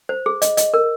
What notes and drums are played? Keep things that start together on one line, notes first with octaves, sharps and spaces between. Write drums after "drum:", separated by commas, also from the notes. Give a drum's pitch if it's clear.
C5
G#4
D#5, drum: hi-hat
D#5, drum: hi-hat
A#4